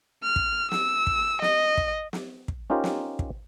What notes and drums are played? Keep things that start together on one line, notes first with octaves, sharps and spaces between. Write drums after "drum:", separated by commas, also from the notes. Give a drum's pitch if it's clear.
F6
drum: kick
E6, drum: snare
drum: kick
D#5, drum: snare
drum: kick
drum: snare
drum: kick
C#4 D#4 F4 G4 A#4 C5
drum: snare
drum: kick